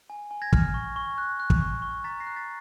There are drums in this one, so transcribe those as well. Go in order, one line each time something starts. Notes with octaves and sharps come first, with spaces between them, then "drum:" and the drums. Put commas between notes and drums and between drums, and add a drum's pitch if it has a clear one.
G#5
G#5
G#6 A#6
F6, drum: kick
C#6
C#6
F#6
F#6
drum: kick
C#6
C#6
A#5 A6 B6
A#6 C7
F#6
A6 B6